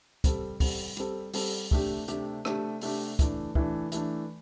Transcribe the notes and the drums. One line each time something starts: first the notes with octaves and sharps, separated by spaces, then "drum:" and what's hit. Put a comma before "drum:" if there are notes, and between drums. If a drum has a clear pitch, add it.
G3 C4 A4, drum: kick, hi-hat
G3 C4 A4, drum: kick, open hi-hat
G3 C4 A4, drum: hi-hat
G3 C4 A4, drum: open hi-hat
C3 A3 D4 G4, drum: kick
C3 A3 D4 G4, drum: hi-hat
C3 A3 D4 G4, drum: rim click
C3 A3 D4 G4, drum: open hi-hat
E3 A3 D4, drum: kick, hi-hat
E3 A3 D4, drum: kick
E3 A3 D4, drum: hi-hat